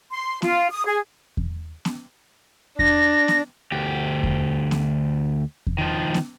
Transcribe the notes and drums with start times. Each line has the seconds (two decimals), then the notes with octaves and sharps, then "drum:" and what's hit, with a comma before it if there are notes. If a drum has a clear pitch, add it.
0.11 C6
0.42 F4, drum: snare B3
0.71 D#6
0.86 G#4
1.37 drum: kick E2
1.85 drum: snare B3
2.79 D4 A#6, drum: kick E2
3.28 drum: snare B3
3.72 D2 G4
4.23 drum: kick E2
4.71 drum: snare B3
5.67 drum: kick E2
5.78 D#3 F3
6.14 drum: snare B3